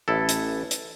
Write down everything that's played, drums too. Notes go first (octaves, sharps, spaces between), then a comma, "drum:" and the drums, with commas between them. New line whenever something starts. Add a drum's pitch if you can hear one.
A1 E4 A4
drum: hi-hat
drum: hi-hat